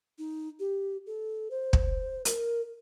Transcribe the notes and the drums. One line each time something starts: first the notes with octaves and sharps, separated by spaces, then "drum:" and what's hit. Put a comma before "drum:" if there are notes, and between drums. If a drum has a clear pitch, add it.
D#4
G4
A4
C5
drum: kick
A#4, drum: hi-hat